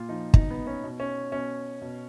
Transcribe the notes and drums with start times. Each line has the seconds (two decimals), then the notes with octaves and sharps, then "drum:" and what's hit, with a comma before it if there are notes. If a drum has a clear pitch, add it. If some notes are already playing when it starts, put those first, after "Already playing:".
Already playing: A#2 F4
0.09 F3 D#4
0.34 B2 D#4, drum: kick
0.51 B3
0.67 C#4
0.84 B2
1.00 C#4
1.32 B2 C#4
1.82 B2